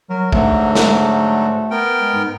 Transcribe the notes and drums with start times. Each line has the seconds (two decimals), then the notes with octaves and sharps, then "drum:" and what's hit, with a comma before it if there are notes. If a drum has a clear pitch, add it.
0.10 F#3 A#4
0.32 G#2 D3 F#3 A3, drum: kick
0.75 drum: snare
1.71 B3 A#4 G5
2.00 G#3
2.14 G#2